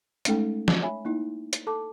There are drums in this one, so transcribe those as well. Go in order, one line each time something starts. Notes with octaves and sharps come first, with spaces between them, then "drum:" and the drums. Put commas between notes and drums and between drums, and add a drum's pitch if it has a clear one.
G#3 A3 C#4 D#4 A4 G5, drum: hi-hat
drum: snare
C#5 E5 G#5 B5
A#3 D#4 E4
drum: hi-hat
A4 A5 D6